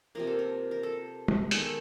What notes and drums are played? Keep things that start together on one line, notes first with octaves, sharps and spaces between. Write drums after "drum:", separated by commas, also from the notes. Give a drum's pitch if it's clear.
C3 F3 A#3 A#4
A4
A#4
A#4
A4
drum: tom
D#3 G#3 B3 A4, drum: hi-hat